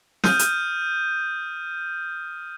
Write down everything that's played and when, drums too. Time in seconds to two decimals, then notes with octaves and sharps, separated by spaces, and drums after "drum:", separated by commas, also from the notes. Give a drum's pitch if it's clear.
0.24 D#6 F6 G6 D#7, drum: snare
0.39 drum: hi-hat